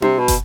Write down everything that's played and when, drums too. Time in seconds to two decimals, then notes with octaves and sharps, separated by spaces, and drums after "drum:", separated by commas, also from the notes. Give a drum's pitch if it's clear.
0.02 C3, drum: tom D4
0.19 B2
0.28 drum: kick, hi-hat